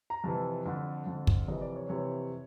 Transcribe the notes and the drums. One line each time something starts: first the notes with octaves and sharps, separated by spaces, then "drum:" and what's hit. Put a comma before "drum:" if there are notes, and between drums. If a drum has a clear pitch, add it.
A#5
F2 C3 E3 A5
F2 D3
F2 D3
drum: kick
F2 C3 E3 D#5
D5
C#5
F2 C3 E3 C#5